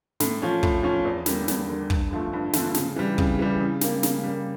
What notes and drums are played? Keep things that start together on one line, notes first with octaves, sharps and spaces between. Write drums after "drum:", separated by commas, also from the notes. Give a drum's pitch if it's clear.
A2, drum: snare
F3 C#4
A2, drum: kick
F3 C#4
E2
D3 G3 A#3, drum: snare
E2, drum: snare
D3 G3 A#3
G2, drum: kick
D3 F3 A3
G2
D3 F3 A3, drum: snare
C#3, drum: snare
E3 G3
C#3, drum: kick
E3 G3
C#3
G3 A#3, drum: snare
C#3, drum: snare
G3 A#3